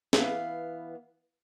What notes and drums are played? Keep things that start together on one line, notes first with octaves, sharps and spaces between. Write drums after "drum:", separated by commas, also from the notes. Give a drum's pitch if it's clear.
E3 B3 F5, drum: snare